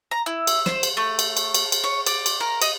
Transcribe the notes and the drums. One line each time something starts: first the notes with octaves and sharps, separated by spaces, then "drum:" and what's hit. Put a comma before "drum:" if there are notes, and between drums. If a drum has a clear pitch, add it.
A#5
E4
drum: cymbal
C5, drum: snare
drum: cymbal
A3
drum: cymbal
drum: cymbal
drum: cymbal
drum: cymbal
C#5
D5, drum: cymbal
drum: cymbal
A#4
D#5, drum: cymbal